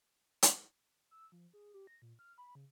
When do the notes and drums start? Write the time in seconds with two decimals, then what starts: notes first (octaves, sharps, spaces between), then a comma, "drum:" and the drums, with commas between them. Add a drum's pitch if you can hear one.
0.43 drum: hi-hat
1.11 E6
1.32 F3
1.53 G#4
1.74 G4
1.87 A#6
2.02 A#2
2.19 F6
2.38 B5
2.55 C#3